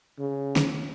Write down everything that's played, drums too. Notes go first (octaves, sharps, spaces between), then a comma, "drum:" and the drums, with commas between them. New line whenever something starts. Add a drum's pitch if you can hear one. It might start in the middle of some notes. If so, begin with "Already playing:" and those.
C#3
drum: snare